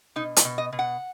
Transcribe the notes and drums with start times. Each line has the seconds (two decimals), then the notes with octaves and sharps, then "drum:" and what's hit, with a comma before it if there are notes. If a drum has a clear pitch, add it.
0.16 B2 D#4
0.36 B4, drum: hi-hat
0.45 B2
0.58 D#5
0.72 B2
0.79 F#5